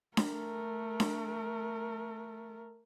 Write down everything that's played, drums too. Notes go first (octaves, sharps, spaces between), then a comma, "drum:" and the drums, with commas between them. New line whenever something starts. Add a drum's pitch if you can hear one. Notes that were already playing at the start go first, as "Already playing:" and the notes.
A3 A#4, drum: snare D4
drum: snare D4